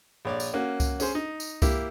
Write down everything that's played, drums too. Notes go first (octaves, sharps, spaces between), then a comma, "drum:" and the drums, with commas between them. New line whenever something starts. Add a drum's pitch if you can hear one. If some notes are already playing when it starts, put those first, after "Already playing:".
A#1 C#5 D5
drum: tambourine
A#3 C#4 F#4
drum: kick C2, tambourine
C#4 G#4 C5, drum: tambourine
D#4
drum: tambourine
A#3 E4 G4, drum: kick C2, tambourine